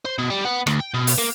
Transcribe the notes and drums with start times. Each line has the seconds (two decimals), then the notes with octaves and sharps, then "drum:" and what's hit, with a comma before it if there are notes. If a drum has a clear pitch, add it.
0.05 C5
0.18 B2
0.30 G3
0.45 B3
0.67 D2, drum: rim click
0.80 G5
0.94 B2
1.07 drum: open hi-hat
1.18 A#3